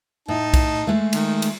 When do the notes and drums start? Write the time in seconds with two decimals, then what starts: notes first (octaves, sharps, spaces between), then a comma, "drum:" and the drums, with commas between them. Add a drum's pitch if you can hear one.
0.28 A2 D#4 A5
0.54 drum: kick B1, cymbal
0.87 G#3 A3
1.13 D#3, drum: cymbal
1.42 drum: cymbal